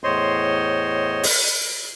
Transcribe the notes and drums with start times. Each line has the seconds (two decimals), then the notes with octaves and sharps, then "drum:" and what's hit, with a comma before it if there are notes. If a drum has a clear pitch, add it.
0.04 E2 A2 C5 C#5 D#5 C6
1.23 drum: open hi-hat